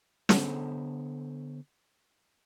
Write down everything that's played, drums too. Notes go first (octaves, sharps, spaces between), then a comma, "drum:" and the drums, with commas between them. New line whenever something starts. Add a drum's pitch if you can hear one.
D3 B3 D4 A4 C5 C#5, drum: snare